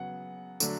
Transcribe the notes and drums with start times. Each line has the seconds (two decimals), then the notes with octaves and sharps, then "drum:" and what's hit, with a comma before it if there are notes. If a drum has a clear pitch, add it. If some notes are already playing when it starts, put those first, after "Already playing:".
Already playing: C#3 F#3 B3 F#5
0.60 D3 F#3 A3 D4, drum: tambourine